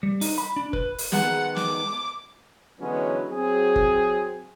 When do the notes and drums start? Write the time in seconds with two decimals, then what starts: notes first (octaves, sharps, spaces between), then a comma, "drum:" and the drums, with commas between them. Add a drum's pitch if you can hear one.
0.03 G3
0.21 D#4, drum: open hi-hat
0.38 B5
0.56 D4
0.73 B4, drum: kick F#1
0.98 drum: open hi-hat
1.12 D#3 G#3 B3 F#5, drum: snare
1.56 D6, drum: snare
2.80 D3 E3 F#3 G#3 B3 C#4
3.31 F#3 C4 G#4
3.76 drum: kick F#1